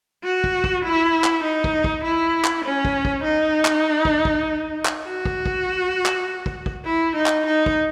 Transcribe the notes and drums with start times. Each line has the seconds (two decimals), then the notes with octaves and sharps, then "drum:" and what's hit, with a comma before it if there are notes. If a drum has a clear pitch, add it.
0.24 F#4
0.44 drum: kick
0.64 drum: kick
0.85 E4
1.24 drum: clap
1.44 D#4
1.64 drum: kick
1.84 drum: kick
2.04 E4
2.45 drum: clap
2.65 C#4
2.85 drum: kick
3.05 drum: kick
3.24 D#4
3.65 drum: clap
4.05 drum: kick
4.25 drum: kick
4.85 drum: clap
5.06 F#4
5.25 drum: kick
5.46 drum: kick
6.06 drum: clap
6.46 drum: kick
6.66 drum: kick
6.85 E4
7.16 D#4
7.26 drum: clap
7.46 D#4
7.66 drum: kick